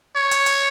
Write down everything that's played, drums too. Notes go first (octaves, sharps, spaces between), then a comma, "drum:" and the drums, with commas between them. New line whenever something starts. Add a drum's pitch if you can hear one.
C#5
drum: hi-hat
drum: hi-hat